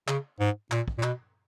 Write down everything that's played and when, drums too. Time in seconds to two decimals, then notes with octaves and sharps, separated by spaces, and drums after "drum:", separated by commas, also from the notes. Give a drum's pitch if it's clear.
0.08 C#3, drum: clap
0.40 G#2
0.71 A#2, drum: clap
0.88 drum: kick
0.98 A#2
1.03 B2, drum: clap